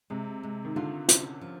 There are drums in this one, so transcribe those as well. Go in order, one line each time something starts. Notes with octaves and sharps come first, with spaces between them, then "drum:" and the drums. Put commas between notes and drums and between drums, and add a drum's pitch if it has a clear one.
C3 G#3
G#3
D#3
D3 F4
C#4, drum: hi-hat
F3